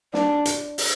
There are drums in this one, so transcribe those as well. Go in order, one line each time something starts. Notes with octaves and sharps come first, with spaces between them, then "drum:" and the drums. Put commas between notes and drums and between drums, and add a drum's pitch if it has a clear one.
D4, drum: snare
drum: hi-hat
drum: open hi-hat